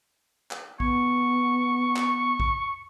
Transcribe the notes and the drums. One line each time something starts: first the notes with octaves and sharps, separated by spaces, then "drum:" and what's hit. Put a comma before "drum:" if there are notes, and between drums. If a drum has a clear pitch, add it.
drum: clap
B3 C#6, drum: kick A#1
drum: clap
drum: kick A#1